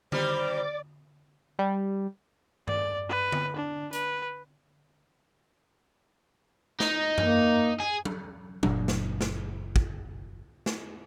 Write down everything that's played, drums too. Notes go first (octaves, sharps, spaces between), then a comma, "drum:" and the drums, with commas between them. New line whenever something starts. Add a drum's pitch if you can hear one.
D#3 G3 C5 D5 D6, drum: tom D3
G3
D5, drum: tom G2
B4
drum: tom D3
D4
B4, drum: hi-hat
D#4, drum: snare
A#3, drum: tom F#2
G#4
drum: tom F#3
F#1 A#2 F#3 D4, drum: tom F#3
drum: snare
drum: snare
drum: kick
drum: snare